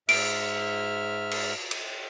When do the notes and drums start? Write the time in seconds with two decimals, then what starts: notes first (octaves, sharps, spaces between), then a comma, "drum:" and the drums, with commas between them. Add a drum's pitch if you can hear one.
0.09 G#2 E5 F6 D7, drum: cymbal
1.31 drum: cymbal
1.71 drum: cymbal